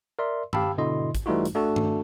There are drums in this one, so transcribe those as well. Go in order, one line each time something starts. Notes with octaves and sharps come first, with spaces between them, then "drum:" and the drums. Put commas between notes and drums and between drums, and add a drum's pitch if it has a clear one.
A#4 D5 E5 C6
G4 F5 G5 A5 B5 E6, drum: tom
B2 D3 E4 D#5 C6
drum: kick, hi-hat
E3 G3 A3 D#4 F4 F#4
drum: hi-hat
A3 D4 F#4 A4 A5
drum: tom